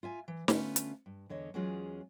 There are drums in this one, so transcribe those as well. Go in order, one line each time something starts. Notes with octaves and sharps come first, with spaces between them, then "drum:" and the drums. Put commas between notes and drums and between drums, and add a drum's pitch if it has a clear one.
F4 E5 G#5
E3
D3 A3 B3 C#4 F4 B4, drum: snare
drum: hi-hat
G2
E2 D3 C#5 D#5
E2 F#3 G#3 C#4 F4 G#4